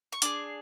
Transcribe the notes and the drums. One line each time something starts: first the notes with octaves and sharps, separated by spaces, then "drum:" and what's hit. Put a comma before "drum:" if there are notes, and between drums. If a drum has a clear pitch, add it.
C#6
D4 G#4 D6, drum: hi-hat